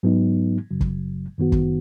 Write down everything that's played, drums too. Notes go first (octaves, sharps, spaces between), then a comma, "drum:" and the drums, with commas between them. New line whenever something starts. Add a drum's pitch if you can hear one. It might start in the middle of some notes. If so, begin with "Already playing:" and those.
G#2 F#3 B3 D#4
F#2 C#3 F#3
drum: kick
F#2 D#3 B3 F#4
drum: kick